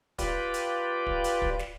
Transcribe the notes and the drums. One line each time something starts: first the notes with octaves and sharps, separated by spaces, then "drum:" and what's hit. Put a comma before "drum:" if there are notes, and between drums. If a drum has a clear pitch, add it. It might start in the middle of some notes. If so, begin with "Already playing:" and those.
F4 G4 B4 D5, drum: kick, hi-hat
drum: hi-hat
drum: kick
drum: hi-hat
drum: kick
drum: snare